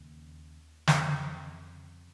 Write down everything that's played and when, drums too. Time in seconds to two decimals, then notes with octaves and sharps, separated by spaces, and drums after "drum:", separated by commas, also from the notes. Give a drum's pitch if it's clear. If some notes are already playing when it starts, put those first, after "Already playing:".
Already playing: D#2 C#3
0.87 F2 C#3, drum: snare